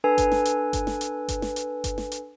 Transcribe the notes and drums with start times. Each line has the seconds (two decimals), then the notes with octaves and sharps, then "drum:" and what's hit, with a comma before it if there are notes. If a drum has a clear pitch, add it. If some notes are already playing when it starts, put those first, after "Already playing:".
0.04 D4 A4 B4 G#5
0.18 drum: kick G1, hi-hat
0.32 drum: snare
0.45 drum: hi-hat
0.73 drum: kick G1, hi-hat
0.87 drum: snare
1.01 drum: hi-hat
1.28 drum: kick G1, hi-hat
1.42 drum: snare
1.56 drum: hi-hat
1.84 drum: kick G1, hi-hat
1.98 drum: snare
2.12 drum: hi-hat